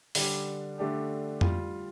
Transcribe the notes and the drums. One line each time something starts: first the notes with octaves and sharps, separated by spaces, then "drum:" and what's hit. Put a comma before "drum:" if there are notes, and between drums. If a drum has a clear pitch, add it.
D3 G3 D4 G4, drum: open hi-hat
D3 A3 D4 G4
G3 F4, drum: tom F2